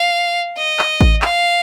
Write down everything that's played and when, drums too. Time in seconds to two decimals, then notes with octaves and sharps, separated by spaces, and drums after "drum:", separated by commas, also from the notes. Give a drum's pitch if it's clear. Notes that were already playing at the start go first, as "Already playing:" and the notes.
Already playing: F5
0.57 D#5
0.79 drum: clap
1.01 drum: kick A1
1.22 F5, drum: clap